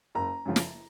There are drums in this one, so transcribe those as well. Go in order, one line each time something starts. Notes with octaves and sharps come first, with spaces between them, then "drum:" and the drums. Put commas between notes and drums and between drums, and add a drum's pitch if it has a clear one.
F#1 A#5
F#2 C#3 F3
drum: snare